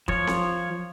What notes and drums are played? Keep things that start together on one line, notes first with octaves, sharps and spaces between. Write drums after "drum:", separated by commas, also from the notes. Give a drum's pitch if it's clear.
F3 C#5, drum: kick
drum: snare C4